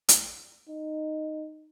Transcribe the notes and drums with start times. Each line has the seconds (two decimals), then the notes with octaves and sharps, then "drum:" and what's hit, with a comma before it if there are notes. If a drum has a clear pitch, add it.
0.09 drum: hi-hat
0.68 D#4